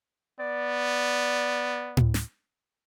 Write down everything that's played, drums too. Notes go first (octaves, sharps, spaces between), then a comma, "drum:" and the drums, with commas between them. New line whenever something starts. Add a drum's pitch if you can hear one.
B3 D5
drum: tom A2
drum: snare